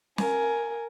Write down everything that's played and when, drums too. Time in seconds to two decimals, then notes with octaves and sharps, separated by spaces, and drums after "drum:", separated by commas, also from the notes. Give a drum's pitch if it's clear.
0.18 A#4 G#5, drum: snare